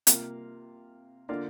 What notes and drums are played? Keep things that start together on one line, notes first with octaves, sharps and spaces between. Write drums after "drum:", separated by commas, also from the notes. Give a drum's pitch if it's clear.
C3 A#3 F4 A#4 F5, drum: hi-hat
D3 A#3 F4 D5 F5